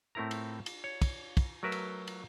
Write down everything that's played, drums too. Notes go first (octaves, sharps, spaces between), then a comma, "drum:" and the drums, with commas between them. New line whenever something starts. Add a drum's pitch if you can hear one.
A2 A3 C4 E4 A#4 A#5
drum: cymbal
drum: cymbal
C#5
drum: kick, cymbal
drum: kick, cymbal
F#3 A3 A#4 B4 E5
drum: cymbal
drum: cymbal